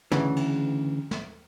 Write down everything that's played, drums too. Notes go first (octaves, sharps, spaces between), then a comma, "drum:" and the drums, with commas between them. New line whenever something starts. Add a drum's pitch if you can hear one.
D2 C#3 E3, drum: snare
drum: cymbal
drum: snare